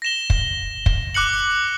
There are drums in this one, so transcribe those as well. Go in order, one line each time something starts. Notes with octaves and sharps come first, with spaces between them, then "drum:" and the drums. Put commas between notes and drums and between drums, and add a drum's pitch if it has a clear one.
A#6 E7 G7
drum: kick
drum: kick
D6 F#6 C#7 F#7